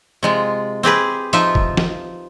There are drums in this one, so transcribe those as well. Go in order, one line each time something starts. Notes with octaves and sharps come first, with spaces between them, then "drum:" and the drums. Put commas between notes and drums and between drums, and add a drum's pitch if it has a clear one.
C3 G#3 F4
C4 G4 G#4 B4
F3 D#4 F4 E5, drum: hi-hat
drum: kick
drum: snare